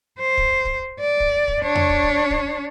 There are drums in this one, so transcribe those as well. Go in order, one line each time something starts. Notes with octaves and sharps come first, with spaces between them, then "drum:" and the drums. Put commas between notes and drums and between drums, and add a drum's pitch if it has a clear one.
C5
drum: kick
drum: kick
D5
drum: kick
drum: kick
D4 C#5
drum: tom E2
drum: kick
drum: kick
drum: kick